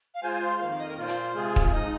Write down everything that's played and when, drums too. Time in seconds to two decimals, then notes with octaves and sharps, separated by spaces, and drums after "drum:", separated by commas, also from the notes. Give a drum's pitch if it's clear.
0.15 F5
0.23 G#3 F4 C5 G#5
0.42 C6
0.60 F2 D#3 A#3 F5
0.79 D#5
0.89 A#4
0.97 A#2 A#3 F4 C5 D#5
1.08 drum: hi-hat
1.34 C3 G#3 F4 G#4
1.56 drum: kick
1.72 F3 G#3 D#4 D#5